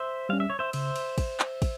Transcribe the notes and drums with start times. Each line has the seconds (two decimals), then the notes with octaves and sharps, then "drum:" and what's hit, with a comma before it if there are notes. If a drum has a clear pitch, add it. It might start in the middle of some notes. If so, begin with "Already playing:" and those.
Already playing: C5 E5
0.29 G3 C#4 F5
0.40 E5
0.50 C#5
0.59 C5 E5
0.73 C#3 C5 E5, drum: cymbal
0.96 drum: cymbal
1.18 drum: kick, cymbal
1.40 drum: clap
1.62 drum: kick, cymbal